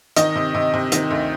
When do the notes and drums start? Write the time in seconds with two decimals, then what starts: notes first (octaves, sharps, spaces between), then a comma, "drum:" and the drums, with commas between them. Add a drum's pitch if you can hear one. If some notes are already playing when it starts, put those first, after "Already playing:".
0.16 D#3 D#5, drum: hi-hat
0.36 C3
0.54 C3
0.74 C3
0.92 D#3, drum: hi-hat
1.11 D2